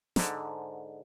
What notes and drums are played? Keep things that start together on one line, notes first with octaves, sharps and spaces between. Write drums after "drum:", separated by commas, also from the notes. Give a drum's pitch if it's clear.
G#2 D3, drum: snare